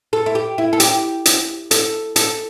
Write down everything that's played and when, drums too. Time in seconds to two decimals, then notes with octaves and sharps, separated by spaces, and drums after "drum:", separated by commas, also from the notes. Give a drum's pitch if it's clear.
0.13 A4
0.26 E4
0.35 G4
0.58 E4
0.73 A4
0.80 G4, drum: hi-hat
1.26 drum: hi-hat
1.71 A4, drum: hi-hat
2.16 A4, drum: hi-hat